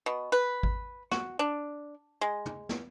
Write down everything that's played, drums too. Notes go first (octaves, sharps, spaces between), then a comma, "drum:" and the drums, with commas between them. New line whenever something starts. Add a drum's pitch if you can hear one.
B2
B4
drum: kick G#1
F#4, drum: snare
D4
G#3
drum: tom
drum: snare